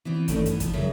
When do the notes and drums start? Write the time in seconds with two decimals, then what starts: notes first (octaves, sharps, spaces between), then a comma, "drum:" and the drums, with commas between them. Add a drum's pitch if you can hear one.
0.05 E3 B3 C4
0.28 G2 D#3 A3 C#4 D#4, drum: kick G#1, hi-hat
0.46 E3 B3, drum: hi-hat
0.60 F3, drum: kick G#1, hi-hat
0.73 F#2 C#3 G#3 A#4 E5